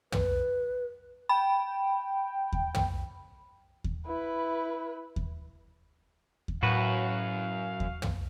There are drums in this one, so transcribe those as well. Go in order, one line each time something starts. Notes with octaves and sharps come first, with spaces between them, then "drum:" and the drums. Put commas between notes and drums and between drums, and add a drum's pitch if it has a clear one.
B4, drum: tom
G5 B5
drum: kick D#2
drum: tom
drum: kick D#2
E4 B4
drum: kick D#2
drum: kick D#2
F#2 A2 F#4 B4 F5
drum: kick D#2
drum: tom